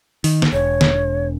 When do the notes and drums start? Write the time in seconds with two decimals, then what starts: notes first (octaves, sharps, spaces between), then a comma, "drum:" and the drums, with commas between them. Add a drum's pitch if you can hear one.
0.24 D#3, drum: open hi-hat
0.42 drum: snare
0.53 E1 C#5
0.81 drum: snare